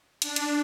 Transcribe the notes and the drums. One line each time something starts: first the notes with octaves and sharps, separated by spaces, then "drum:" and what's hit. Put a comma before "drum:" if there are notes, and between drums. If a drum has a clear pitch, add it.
D4, drum: hi-hat
drum: hi-hat